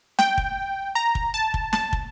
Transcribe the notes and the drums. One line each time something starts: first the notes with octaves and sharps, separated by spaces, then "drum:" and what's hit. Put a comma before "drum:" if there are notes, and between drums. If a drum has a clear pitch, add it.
G5, drum: snare
drum: kick
A#5
drum: kick
A5
drum: kick
A5, drum: snare
drum: kick